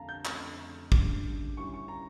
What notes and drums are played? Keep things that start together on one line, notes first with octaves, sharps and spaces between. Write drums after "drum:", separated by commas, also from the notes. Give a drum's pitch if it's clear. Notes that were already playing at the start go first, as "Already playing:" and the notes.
Already playing: F2 D3 A3 D4 F5 A5 A#5
G6
F2 C#3 F3 A3 D4 F6, drum: clap
D2 C#3 G3 D4 D6, drum: kick
C#3 G3 C#4 E4 C#6
C#6
A#5